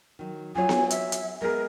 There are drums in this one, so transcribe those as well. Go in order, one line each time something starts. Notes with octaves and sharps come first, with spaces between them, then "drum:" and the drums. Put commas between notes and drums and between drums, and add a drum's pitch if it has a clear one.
D#3 F#3
F#3 F4 C#5 G#5
drum: snare B3
E5, drum: hi-hat
drum: hi-hat
G#3 B3 G#4 A#4